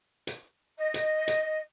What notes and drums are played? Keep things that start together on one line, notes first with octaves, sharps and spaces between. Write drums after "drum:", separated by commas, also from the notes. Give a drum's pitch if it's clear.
drum: hi-hat
D#5
drum: hi-hat
drum: hi-hat